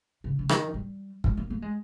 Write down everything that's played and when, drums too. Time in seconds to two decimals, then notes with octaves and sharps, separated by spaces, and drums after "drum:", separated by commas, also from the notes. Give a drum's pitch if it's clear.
0.24 C#3
0.39 C#3
0.49 D#3, drum: rim click
0.74 G3
1.24 G#3, drum: kick
1.37 A#3
1.50 A#3
1.62 G#3